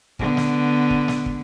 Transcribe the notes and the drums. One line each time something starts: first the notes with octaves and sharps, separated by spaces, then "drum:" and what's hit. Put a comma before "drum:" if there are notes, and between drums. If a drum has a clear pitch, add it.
D3 B3, drum: kick
drum: snare
drum: kick
drum: snare
drum: kick